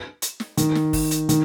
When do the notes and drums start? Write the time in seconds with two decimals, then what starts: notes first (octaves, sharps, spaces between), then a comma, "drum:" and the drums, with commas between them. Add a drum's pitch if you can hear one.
0.22 drum: hi-hat
0.40 drum: snare
0.57 D#3, drum: hi-hat
0.75 drum: snare
0.93 drum: kick, open hi-hat
1.11 drum: hi-hat
1.29 D#3, drum: hi-hat